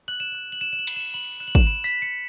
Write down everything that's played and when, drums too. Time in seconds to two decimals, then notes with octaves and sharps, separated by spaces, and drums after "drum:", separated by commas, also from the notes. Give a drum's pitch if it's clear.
0.08 F#6 F#7
0.20 E7
0.32 F#6 F#7
0.52 F#7
0.61 F#6 E7
0.73 E7
0.79 F#7
0.87 B5, drum: cymbal
0.96 E7
1.14 B5 F#7
1.40 F#6 E7
1.48 F#7
1.55 E7, drum: kick
1.67 B5 E7
1.84 B6, drum: tambourine
1.93 F#6
2.02 C#7